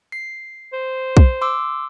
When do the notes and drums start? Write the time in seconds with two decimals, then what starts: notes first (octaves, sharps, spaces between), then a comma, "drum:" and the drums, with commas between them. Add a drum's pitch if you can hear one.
0.12 C7
0.73 C5
1.17 drum: kick
1.41 C6 D6 E6